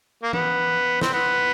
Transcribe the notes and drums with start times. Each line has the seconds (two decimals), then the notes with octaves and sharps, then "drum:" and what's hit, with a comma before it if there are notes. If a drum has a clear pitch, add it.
0.23 A#3
0.33 B3, drum: tom E3
1.01 C4, drum: snare
1.14 B3